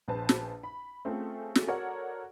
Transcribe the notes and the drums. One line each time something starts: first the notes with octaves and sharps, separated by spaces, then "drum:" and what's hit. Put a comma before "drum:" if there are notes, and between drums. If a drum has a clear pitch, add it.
A#1 B4 C5 A5
drum: snare
B5
A3 C4 C#4 F4 G#4 A4
drum: snare
F#4 A4 A#4 C#5 D5 F#5